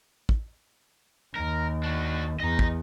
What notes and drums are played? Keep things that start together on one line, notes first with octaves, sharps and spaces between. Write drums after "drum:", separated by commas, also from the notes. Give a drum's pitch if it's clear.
drum: kick
D#2 A#4
D4 F#4
E2 D#5 A#5
drum: kick